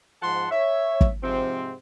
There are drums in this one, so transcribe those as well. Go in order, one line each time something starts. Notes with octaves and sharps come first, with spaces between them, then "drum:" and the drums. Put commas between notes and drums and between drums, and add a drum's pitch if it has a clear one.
G#2 F3 F#5 A5 C6
C#5 E5
drum: kick
G#2 C3 F3 C4